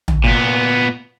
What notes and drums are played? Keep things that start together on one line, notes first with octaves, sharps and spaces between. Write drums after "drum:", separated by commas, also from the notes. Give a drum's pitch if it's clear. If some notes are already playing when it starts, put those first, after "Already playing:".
drum: tom
A#2 B3